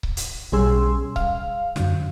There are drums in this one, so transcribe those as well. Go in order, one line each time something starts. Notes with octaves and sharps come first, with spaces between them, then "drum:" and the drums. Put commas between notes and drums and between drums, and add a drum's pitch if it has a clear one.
drum: kick C#1
drum: hi-hat
B1 G3 C#4 G#4 C6 E6
F5, drum: kick C#1
F#2 D3, drum: snare